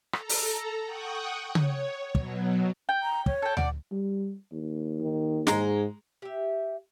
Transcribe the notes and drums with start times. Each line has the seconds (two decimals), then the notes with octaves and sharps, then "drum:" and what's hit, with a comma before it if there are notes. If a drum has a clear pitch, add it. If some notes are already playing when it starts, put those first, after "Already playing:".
0.13 A4 A#5, drum: rim click
0.29 drum: open hi-hat
0.86 F#5 G5 C#6 D#6 F#6
1.55 C#5, drum: tom C#3
2.15 B2 F#3, drum: kick
2.89 G5
3.03 A#5
3.26 C#5, drum: kick
3.42 A4 G5
3.57 D5 F#5, drum: tom D2
3.92 G3
4.52 D#2
5.01 D#3
5.47 G#2 G#3 A#5, drum: snare
6.22 G4 E5